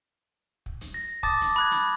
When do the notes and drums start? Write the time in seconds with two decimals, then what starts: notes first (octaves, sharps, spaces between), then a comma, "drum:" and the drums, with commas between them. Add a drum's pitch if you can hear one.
0.66 drum: kick
0.81 drum: hi-hat
0.94 A#6
1.23 A5 D6 D#6 A6, drum: kick
1.41 drum: hi-hat
1.56 B5 F#6 G#6
1.71 drum: hi-hat